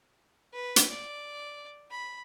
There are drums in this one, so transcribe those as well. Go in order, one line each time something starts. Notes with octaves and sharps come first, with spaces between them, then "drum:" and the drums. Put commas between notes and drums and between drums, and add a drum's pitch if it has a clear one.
B4
drum: hi-hat
D5
B5